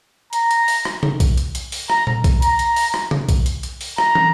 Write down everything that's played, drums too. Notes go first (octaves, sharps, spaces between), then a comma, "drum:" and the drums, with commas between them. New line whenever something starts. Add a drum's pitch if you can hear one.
A#5, drum: hi-hat
drum: hi-hat
drum: open hi-hat
drum: rim click
drum: tom C#3
drum: kick B1, hi-hat
drum: hi-hat
drum: hi-hat
drum: open hi-hat
A#5, drum: rim click
drum: tom A#2
drum: kick B1, hi-hat
A#5, drum: hi-hat
drum: hi-hat
drum: open hi-hat
drum: rim click
drum: tom C#3
drum: kick B1, hi-hat
drum: hi-hat
drum: hi-hat
drum: open hi-hat
A#5, drum: rim click
drum: tom